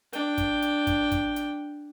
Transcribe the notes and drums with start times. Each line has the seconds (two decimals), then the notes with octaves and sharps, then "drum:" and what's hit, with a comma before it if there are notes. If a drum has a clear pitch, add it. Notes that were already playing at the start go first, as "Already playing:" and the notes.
0.13 D4 G5, drum: hi-hat
0.38 drum: kick, hi-hat
0.62 drum: hi-hat
0.87 drum: kick, hi-hat
1.12 drum: kick, hi-hat
1.36 drum: hi-hat